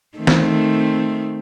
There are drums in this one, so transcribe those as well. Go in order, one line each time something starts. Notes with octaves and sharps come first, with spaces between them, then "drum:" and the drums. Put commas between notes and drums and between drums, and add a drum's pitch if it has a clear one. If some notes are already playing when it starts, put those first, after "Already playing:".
D#3 A3 C4
drum: snare